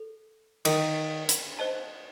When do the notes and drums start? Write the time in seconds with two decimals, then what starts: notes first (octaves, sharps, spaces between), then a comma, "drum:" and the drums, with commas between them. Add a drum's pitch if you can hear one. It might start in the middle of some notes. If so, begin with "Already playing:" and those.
Already playing: A4
0.65 D#3, drum: cymbal
1.29 drum: hi-hat
1.59 C5 D#5 A5